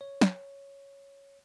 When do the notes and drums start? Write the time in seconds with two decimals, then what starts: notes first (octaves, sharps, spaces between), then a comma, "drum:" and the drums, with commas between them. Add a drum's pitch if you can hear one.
0.01 C#5
0.21 drum: snare